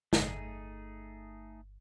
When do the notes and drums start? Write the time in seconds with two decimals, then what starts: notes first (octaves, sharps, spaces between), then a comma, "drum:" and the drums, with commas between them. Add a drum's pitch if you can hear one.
0.13 G1 A3 D#4 G#4, drum: snare